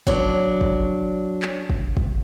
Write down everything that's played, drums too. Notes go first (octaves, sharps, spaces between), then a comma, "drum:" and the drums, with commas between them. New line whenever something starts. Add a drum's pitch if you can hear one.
F#3 D4, drum: kick
drum: kick
drum: clap
drum: kick
drum: kick